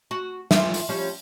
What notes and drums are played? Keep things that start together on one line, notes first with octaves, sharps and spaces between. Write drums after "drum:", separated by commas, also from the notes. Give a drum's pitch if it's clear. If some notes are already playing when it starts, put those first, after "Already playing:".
F#4
E3 F4 E5, drum: snare
drum: open hi-hat
F3 G3 C#4